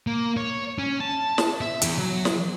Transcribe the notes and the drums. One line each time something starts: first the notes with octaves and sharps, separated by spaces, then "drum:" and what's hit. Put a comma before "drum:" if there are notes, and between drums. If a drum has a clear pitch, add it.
A#3
C#5
C#4
A5
drum: snare
E5
E2, drum: hi-hat
F#3
drum: snare